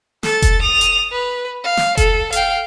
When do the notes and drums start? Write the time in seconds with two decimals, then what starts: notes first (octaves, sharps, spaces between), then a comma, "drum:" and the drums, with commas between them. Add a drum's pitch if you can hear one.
0.23 A4 A6, drum: snare
0.42 drum: kick F1, hi-hat
0.62 D#6 F7
0.81 drum: hi-hat
1.12 B4
1.64 F5
1.77 drum: snare
1.97 A4, drum: kick F1, hi-hat
2.32 F5 G5, drum: hi-hat